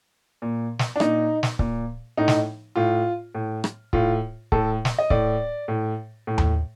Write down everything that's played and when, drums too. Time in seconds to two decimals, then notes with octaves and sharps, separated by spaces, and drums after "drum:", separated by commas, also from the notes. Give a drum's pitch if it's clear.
0.42 A#2
0.79 drum: snare
0.96 D4
1.00 A#2 D#4, drum: rim click
1.43 drum: snare
1.59 A#2, drum: kick C#1
2.17 A2 D#4
2.28 drum: snare
2.76 A2 F4
3.35 A2
3.64 drum: rim click
3.93 A2 F4, drum: kick C#1
4.52 A2 A4, drum: kick C#1
4.85 drum: snare
4.98 D#5
5.10 A2 D5, drum: kick C#1
5.68 A2
6.27 A2
6.38 drum: tom D#2